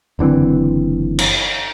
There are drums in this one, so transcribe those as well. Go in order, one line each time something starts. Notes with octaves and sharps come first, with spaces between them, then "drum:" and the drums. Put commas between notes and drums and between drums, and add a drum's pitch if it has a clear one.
F#1 D3 E3 C4
drum: cymbal